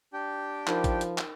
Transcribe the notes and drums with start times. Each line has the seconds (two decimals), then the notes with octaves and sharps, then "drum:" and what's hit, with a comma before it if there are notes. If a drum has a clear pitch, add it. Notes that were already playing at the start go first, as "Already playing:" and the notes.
0.13 D4 G4 G5
0.67 F3 D#4 A#4 B5, drum: clap
0.84 drum: kick, hi-hat
1.01 drum: hi-hat
1.18 drum: clap